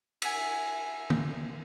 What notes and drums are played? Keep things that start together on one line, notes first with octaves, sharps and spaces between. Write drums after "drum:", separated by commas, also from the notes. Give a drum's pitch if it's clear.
E5 F#5 G#5, drum: cymbal
drum: tom